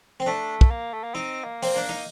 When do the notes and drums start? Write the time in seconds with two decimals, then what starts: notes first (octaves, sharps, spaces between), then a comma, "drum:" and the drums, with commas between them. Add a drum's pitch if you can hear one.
0.20 C4
0.26 A3 D4
0.61 drum: kick
0.71 A#3
0.93 A3
1.03 A#3
1.15 C4 D#4
1.44 A#3
1.63 C4, drum: open hi-hat
1.73 A#3 D4
1.89 D#4